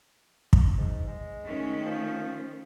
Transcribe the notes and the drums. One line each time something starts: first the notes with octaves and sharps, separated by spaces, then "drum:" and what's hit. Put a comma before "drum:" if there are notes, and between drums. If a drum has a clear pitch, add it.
drum: kick
G#2
G#3
D#3 A3 C#4
F3